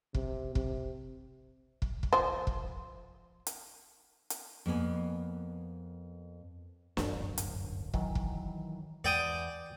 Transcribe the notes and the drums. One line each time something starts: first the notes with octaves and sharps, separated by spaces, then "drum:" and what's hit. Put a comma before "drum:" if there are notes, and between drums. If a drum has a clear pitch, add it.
C3, drum: kick
C3, drum: kick
drum: kick
drum: kick
F3 C5
drum: kick
drum: hi-hat
drum: hi-hat
F2 A#3 B3 G#5
D1 G1 F#2, drum: snare
drum: hi-hat
D#3 E3 F#3, drum: kick
drum: kick
E2 D5 G5 D#6